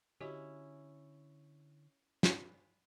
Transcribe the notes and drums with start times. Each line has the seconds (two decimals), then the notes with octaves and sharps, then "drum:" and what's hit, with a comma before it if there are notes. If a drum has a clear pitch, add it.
0.21 D3 C#4 E4 F#4 G4 D#5
2.23 drum: snare